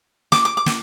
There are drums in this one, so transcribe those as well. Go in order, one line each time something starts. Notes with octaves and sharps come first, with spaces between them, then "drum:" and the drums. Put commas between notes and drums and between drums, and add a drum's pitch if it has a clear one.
D6, drum: snare
D6
D6
drum: snare